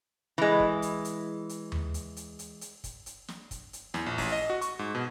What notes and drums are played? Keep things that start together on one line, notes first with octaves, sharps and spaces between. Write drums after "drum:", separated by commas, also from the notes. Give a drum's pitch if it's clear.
E3 G#3
drum: kick
drum: hi-hat
drum: hi-hat
drum: hi-hat
drum: tom D#2
drum: hi-hat
drum: hi-hat
drum: hi-hat
drum: hi-hat
drum: kick, hi-hat
drum: hi-hat
drum: snare
drum: kick, hi-hat
drum: hi-hat
E2, drum: snare
A#1
A1, drum: kick, open hi-hat
D#5
F#4
C#6, drum: hi-hat
G#2
B2